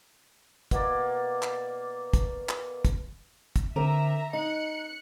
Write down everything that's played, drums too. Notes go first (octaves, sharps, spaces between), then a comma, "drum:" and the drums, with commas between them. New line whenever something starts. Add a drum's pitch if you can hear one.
B2 A#3 D5, drum: kick, hi-hat
drum: clap
drum: kick, hi-hat
drum: clap
drum: kick, hi-hat
drum: kick, hi-hat
D3 C4 A#4 E5 A#5
D#4 D#5 F#6 C#7